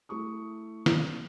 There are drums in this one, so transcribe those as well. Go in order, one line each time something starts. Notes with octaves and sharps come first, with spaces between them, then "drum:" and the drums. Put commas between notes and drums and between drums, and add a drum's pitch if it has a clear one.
A3 E4 C#6 D#6
drum: snare